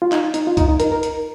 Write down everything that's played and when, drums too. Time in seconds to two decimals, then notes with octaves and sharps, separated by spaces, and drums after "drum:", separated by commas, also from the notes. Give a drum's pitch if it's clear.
0.02 F4
0.12 D#4, drum: clap
0.34 D#4, drum: hi-hat
0.47 F4
0.57 D#4, drum: kick C2, hi-hat
0.68 D#4
0.80 A#4, drum: hi-hat
0.92 A#4
1.03 drum: hi-hat